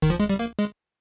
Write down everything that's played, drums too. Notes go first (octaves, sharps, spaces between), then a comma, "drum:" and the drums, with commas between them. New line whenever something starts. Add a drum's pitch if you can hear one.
D#3, drum: kick
F3
G#3
G3
A#3
G#3